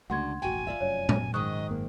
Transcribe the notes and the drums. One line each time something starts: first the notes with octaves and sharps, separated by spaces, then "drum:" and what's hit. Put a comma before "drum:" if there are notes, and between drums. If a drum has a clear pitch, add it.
C#2 D3 A3 F#4 F#5 C6 G#6
E1 A1 D#2 F#4 G5 G#5
F4 D5 E5
F1 F#2 C#5
drum: tom A#2
G#2 D#3 D#5 C#6 D#6 F#6
G#1 F#2 A#3